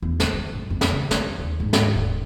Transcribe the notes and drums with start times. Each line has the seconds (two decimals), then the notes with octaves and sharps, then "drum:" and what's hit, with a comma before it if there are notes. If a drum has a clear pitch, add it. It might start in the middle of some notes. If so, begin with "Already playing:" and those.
0.02 E2
0.20 D3, drum: snare
0.34 G3
0.53 A#2
0.70 F2
0.81 drum: snare
0.92 C#3
1.11 B3, drum: snare
1.39 D#2
1.60 G#2
1.73 drum: snare
1.95 D#1